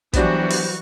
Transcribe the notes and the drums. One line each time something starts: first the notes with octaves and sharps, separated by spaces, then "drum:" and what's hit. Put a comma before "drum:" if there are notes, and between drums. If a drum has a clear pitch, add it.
E3 F#3 G3 B3 D4 F#4 C5, drum: kick, hi-hat
drum: open hi-hat